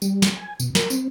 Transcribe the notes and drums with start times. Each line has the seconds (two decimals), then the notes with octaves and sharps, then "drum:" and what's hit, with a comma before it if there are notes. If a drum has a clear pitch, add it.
0.02 G3, drum: tambourine
0.22 drum: snare
0.36 G#5
0.60 B2, drum: tambourine
0.75 A#4, drum: snare
0.90 C4, drum: tambourine